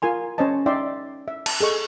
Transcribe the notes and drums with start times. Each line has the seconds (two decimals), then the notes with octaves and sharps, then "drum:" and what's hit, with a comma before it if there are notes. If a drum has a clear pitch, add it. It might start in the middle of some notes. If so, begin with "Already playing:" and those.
0.02 F4 A#4 G#5 C6
0.38 C#4 C5 C#5 D#5 A5
0.66 D#4 D5 E5 G5 C6
1.28 E5
1.46 A5, drum: cymbal
1.60 G#4 A4 D#5 C#6